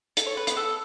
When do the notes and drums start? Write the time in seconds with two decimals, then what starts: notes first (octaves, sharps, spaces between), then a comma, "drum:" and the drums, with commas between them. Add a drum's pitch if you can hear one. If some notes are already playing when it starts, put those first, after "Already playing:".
0.17 A4, drum: hi-hat
0.27 C#5
0.37 B4
0.47 B3, drum: hi-hat
0.57 A4